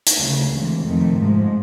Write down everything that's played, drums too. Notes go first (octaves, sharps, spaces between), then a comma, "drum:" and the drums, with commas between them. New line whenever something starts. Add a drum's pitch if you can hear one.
drum: hi-hat
D2 C#3 F#3 A3
D2 C3 E3 G#3
F2 C3 D#3 A3
G#2 F3 G#3